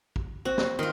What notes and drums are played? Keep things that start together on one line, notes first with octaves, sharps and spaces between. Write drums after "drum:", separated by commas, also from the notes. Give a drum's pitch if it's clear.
drum: kick A1
C4 F#4
drum: snare
D#3 D#4 F4 C6 D6